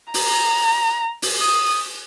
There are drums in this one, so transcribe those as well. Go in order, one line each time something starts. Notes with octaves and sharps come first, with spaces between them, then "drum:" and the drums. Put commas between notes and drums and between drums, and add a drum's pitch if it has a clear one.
A#5, drum: open hi-hat
drum: open hi-hat
D#6